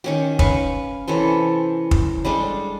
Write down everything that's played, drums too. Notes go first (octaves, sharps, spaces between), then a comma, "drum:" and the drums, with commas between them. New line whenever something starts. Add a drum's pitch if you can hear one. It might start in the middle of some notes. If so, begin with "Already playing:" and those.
D#3 C#4 G4
C#4 B4 F5 C#6, drum: kick
C3 E3 C#4 A4
drum: kick
G3 G#3 D4 A4